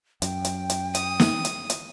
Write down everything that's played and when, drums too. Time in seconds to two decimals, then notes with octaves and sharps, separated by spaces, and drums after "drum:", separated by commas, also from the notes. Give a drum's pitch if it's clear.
0.22 F#2 G5, drum: hi-hat
0.45 drum: hi-hat
0.70 drum: hi-hat
0.95 D#6, drum: hi-hat
1.20 drum: snare
1.45 drum: hi-hat
1.70 drum: hi-hat